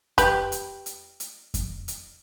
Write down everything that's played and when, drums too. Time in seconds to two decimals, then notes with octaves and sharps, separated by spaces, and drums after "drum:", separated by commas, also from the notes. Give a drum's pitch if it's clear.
0.18 G4 B4, drum: kick F2, hi-hat
0.52 drum: hi-hat
0.86 drum: hi-hat
1.20 drum: hi-hat
1.54 drum: kick F2, hi-hat
1.88 drum: hi-hat